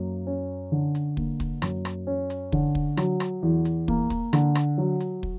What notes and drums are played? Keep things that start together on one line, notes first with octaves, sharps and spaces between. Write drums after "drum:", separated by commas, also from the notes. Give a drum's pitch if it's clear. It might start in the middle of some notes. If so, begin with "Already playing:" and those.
Already playing: F#2 A#3
C#4
D3
drum: hi-hat
A#3, drum: kick
drum: kick, hi-hat
F#2, drum: rim click
drum: rim click
C#4
drum: hi-hat
D3, drum: kick
drum: kick
F#3, drum: rim click
drum: rim click
E2
drum: hi-hat
A#3, drum: kick
drum: kick, hi-hat
D3, drum: rim click
drum: rim click
F#3
drum: hi-hat
drum: kick